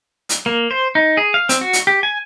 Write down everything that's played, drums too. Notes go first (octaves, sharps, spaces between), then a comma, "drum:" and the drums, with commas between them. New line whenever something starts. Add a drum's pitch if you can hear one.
drum: hi-hat
A#3
C5
D#4
G#4
F5
C4, drum: hi-hat
F#4
drum: hi-hat
G4
G#5